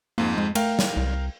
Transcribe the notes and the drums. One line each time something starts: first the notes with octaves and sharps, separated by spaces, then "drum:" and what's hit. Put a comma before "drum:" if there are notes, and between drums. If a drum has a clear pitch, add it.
F2 G#2 A#3
G#3
A3 A#4 F5 G5, drum: cymbal
drum: snare
C2